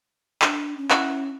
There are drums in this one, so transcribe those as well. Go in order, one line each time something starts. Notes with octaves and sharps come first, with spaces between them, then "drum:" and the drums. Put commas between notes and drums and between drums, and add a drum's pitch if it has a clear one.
D4, drum: clap
C#4
E4 F#4, drum: clap